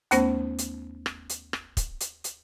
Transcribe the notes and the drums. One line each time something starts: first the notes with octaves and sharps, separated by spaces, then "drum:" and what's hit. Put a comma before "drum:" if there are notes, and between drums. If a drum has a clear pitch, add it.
D#2 A3 B3 C#4 C5 A#6, drum: hi-hat
drum: hi-hat
drum: rim click
drum: hi-hat
drum: rim click
drum: kick, hi-hat
drum: hi-hat
drum: hi-hat